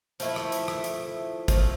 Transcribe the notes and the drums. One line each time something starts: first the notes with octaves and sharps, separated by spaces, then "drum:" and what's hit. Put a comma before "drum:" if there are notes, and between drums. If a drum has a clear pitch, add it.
F3 A3 E4, drum: hi-hat
drum: rim click
drum: hi-hat
drum: rim click
drum: hi-hat
A#2 F3 A3, drum: kick, hi-hat